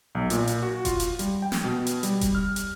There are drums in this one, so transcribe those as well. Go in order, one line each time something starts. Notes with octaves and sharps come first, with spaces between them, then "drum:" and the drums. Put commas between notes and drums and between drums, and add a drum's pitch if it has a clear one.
B1
A#2, drum: hi-hat
drum: hi-hat
F#4
F4, drum: kick F1, hi-hat
drum: hi-hat
G3, drum: hi-hat
G5
drum: snare
B2
drum: hi-hat
G3, drum: hi-hat
drum: kick F1, hi-hat
F6
drum: hi-hat